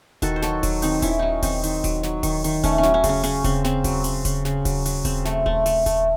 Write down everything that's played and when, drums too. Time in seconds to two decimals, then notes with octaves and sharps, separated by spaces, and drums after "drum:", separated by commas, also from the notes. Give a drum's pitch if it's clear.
0.22 D#3 F#4 A4, drum: kick D#1, hi-hat
0.36 C5
0.42 F#3 F#4 A4, drum: snare
0.63 F#3, drum: kick D#1, open hi-hat
0.82 D#3 C4 D#4, drum: open hi-hat
1.02 D#3 C#4 E4, drum: kick D#1, hi-hat
1.19 F#3 C#4 D#4
1.42 D#3 C4 D#4, drum: kick D#1, open hi-hat
1.63 D#3, drum: open hi-hat
1.84 F#3, drum: kick D#1, hi-hat
2.03 F#3, drum: snare
2.23 D#3, drum: kick D#1, open hi-hat
2.44 D#3, drum: open hi-hat
2.64 A3 C#4, drum: kick D#1, hi-hat
2.78 C#4
2.83 F#3, drum: snare
2.94 C#4
3.04 C#3, drum: kick D#1, open hi-hat
3.09 C#4
3.23 C#3 C#4, drum: open hi-hat
3.44 C#3 C4, drum: kick D#1, hi-hat
3.64 C#3 C4, drum: snare
3.84 F#3, drum: kick D#1, open hi-hat
4.04 C#3, drum: open hi-hat
4.25 C#3, drum: kick D#1, hi-hat
4.45 C#3, drum: snare
4.65 F#3, drum: kick D#1, open hi-hat
4.86 F#3, drum: open hi-hat
5.05 C#3 C4, drum: kick D#1, hi-hat
5.25 A3, drum: snare
5.46 A3, drum: kick D#1
5.66 A3, drum: open hi-hat
5.86 A3, drum: kick D#1, hi-hat